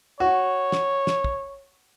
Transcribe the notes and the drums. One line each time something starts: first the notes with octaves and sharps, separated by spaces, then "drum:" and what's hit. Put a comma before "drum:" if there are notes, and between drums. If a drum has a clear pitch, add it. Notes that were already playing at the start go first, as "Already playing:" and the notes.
F#4 C#5
drum: snare
drum: snare
drum: kick